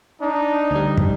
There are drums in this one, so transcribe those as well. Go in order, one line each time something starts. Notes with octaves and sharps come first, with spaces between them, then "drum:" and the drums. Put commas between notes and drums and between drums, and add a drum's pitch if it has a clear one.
D4 D#4
D2 G3
drum: kick